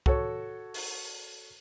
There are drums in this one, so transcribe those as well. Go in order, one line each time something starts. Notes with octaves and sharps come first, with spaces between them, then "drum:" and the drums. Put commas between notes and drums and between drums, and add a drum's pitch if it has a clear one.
F#4 A4 C#5, drum: kick
drum: open hi-hat